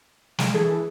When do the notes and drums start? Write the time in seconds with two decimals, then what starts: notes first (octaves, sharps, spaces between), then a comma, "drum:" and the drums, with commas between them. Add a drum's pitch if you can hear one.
0.39 G#3, drum: snare
0.54 E3 G#4 A4